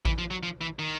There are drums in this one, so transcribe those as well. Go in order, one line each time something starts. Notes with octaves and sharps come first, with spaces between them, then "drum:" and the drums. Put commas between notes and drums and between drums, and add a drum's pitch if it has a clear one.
E3, drum: kick A1
F3
F#3
F3
E3
D#3